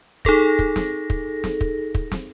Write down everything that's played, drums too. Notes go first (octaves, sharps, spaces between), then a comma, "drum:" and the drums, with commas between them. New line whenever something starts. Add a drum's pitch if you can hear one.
D#4 G#4 A4 A#6, drum: kick
drum: kick
drum: snare
drum: kick
drum: snare
drum: kick
drum: kick
drum: snare